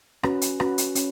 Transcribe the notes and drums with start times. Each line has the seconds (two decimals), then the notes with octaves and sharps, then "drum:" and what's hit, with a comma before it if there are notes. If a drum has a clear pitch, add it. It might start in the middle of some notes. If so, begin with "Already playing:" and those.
0.23 C#4 F#4 B4, drum: rim click
0.41 drum: hi-hat
0.60 C#4 F#4 B4, drum: rim click
0.78 drum: hi-hat
0.95 C#4, drum: hi-hat